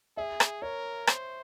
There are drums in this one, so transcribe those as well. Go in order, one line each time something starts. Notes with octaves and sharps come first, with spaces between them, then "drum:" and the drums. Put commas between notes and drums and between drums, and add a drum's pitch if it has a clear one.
G#4 E5
drum: rim click
A#4 C#5
C5, drum: rim click